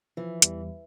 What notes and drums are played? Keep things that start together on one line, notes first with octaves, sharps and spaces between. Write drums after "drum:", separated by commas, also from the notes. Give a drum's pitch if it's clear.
E3 F3
E2 G3, drum: hi-hat